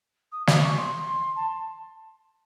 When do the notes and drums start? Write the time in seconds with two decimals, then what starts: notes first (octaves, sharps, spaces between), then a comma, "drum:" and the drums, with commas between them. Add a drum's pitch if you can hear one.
0.32 D#6
0.47 D6, drum: snare
0.62 C#6
0.78 C6
1.36 A5